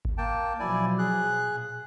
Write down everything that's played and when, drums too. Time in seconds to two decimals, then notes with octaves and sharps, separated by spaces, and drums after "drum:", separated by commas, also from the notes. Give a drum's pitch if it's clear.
0.05 drum: kick G#1
0.18 A#3 G5 A5
0.60 B2 F3 F#3 E4 D5 G#5
0.99 G#4 F#6
1.46 A#2